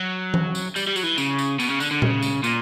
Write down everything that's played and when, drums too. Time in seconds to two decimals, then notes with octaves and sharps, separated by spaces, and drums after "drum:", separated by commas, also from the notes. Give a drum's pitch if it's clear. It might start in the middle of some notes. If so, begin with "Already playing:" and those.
Already playing: F#3
0.34 drum: tom E3
0.55 drum: tambourine
0.76 G3, drum: tambourine
0.87 G3
0.96 F#3, drum: tambourine
1.03 E3
1.18 C#3, drum: tambourine
1.39 drum: tambourine
1.60 B2, drum: tambourine
1.70 C#3
1.80 D3, drum: tambourine
1.91 D3
2.02 C#3, drum: tom A#2
2.22 drum: tambourine
2.44 A#2, drum: tambourine